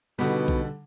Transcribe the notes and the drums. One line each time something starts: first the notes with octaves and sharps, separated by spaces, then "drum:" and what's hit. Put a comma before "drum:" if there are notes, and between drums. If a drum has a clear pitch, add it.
B2 D3 G3 B3 D#4 F#4
drum: kick B1